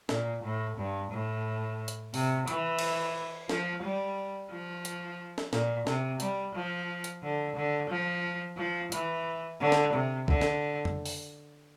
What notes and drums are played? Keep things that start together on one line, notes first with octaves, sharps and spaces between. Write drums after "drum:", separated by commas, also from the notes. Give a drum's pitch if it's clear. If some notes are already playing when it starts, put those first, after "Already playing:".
A#2, drum: snare
A2
G2
A2
drum: hi-hat
C3, drum: open hi-hat
E3, drum: hi-hat
drum: cymbal
F3, drum: snare
G3
F3
drum: hi-hat
drum: snare
A#2, drum: snare
C3, drum: snare
G3, drum: hi-hat
F3
drum: hi-hat
D3
D3
F3
F3
E3, drum: hi-hat
D3
drum: snare
C3
D3, drum: kick B1
drum: snare
drum: tom
drum: open hi-hat